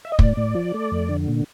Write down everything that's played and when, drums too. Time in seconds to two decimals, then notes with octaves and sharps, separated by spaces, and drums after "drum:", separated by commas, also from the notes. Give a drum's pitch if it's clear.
0.05 E5
0.12 D#5
0.19 A2 D5, drum: kick
0.37 A2
0.55 F3
0.74 A3
0.91 F2
1.09 D3
1.28 A#2